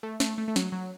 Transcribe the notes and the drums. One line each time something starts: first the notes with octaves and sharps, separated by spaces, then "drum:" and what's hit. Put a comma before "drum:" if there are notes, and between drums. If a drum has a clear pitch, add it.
A3
A3, drum: snare
A3
A3
F#3, drum: snare
F#3